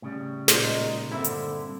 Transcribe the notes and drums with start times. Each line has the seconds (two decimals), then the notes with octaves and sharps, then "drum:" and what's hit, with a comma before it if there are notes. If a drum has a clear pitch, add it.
0.02 A2 C#3 G3
0.48 A#2 G#3 D#4 C5, drum: snare
1.11 G2 D3 C4 E4 E5
1.24 drum: hi-hat